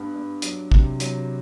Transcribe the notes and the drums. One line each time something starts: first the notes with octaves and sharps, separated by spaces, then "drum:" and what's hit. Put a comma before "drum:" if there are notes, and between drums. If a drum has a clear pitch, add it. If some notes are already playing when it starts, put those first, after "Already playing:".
Already playing: G2 B3
G2
F#3, drum: hi-hat
C3, drum: kick
F#3, drum: hi-hat